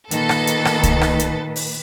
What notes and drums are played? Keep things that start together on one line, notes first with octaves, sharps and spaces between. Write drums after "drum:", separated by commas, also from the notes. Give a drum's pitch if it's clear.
A#2 D#3 A#3 A4 B4 A6, drum: hi-hat
drum: rim click
drum: hi-hat
drum: rim click
drum: kick C2, hi-hat
drum: rim click
drum: hi-hat
drum: open hi-hat